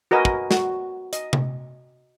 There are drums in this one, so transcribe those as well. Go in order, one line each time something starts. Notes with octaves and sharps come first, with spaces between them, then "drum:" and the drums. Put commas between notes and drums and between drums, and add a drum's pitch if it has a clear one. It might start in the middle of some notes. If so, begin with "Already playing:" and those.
F#4 A#4 B4 D#5 G#5
drum: kick
F#4, drum: snare
D#5, drum: hi-hat
drum: tom C3